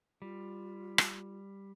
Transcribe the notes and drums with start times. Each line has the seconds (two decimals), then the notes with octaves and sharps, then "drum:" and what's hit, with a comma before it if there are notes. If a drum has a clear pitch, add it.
0.22 G3 F4
0.98 drum: rim click